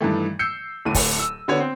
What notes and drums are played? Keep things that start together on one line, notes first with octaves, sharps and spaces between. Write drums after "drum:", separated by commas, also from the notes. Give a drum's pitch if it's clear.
G2 D#3 E3 A3
E6 G6 C7 C#7
D1 A2 D#7
drum: kick, open hi-hat
E6
D3 B3 F#4 C#5
C4